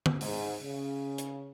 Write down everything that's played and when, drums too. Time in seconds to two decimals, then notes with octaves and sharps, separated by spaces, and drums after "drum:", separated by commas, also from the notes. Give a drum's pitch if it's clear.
0.06 drum: tom D3
0.21 G#2, drum: open hi-hat
0.63 C#3
1.18 drum: hi-hat